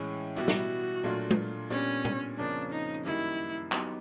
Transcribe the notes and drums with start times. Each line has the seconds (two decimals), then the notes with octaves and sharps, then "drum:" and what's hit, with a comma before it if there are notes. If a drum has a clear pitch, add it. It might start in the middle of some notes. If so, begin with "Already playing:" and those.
Already playing: A2 E3 G#3 C#4
0.36 B2 G3 B3 E4 F#4 G4
0.48 drum: snare
1.04 A#2 F#3 A3 D4 F4
1.31 drum: tom G#3
1.70 A#2 G3 B3 C#4 D4
2.05 drum: tom A#2
2.38 F2 C#3 F3 A#3 C#4 D4
2.71 D#4
3.05 F#2 D#3 G3 A#3 D#4 E4
3.72 F#3 B3 D#4 G4, drum: clap